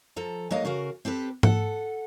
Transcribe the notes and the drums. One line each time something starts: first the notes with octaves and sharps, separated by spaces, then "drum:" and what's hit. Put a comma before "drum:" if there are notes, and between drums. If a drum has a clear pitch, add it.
F3 A4 A#5
F#3 G#3 A#3 D#4 D#5 F5
C#3 F#4 A#4 F5
C4 G4 A4 B4
A4 F#5, drum: tom G#2